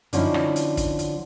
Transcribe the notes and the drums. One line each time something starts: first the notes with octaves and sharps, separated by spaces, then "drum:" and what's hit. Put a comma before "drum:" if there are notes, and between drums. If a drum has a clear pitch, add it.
D3 F3 C#4 D#4 E4, drum: hi-hat
drum: rim click
drum: hi-hat
drum: kick, hi-hat
drum: hi-hat